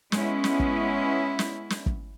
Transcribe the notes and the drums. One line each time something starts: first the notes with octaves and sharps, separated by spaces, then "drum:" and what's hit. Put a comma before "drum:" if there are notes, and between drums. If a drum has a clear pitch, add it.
G#3 B3 C#4 E4, drum: snare
drum: snare
drum: kick
drum: snare
drum: snare
drum: kick